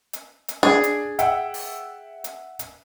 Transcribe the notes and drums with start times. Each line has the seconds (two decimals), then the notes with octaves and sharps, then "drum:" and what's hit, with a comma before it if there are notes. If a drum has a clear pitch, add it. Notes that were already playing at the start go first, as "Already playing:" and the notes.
0.13 drum: hi-hat
0.48 drum: hi-hat
0.63 D4 G#4
0.84 drum: hi-hat
1.19 E5 F#5 G5, drum: hi-hat
1.54 drum: open hi-hat
2.24 drum: hi-hat
2.59 drum: hi-hat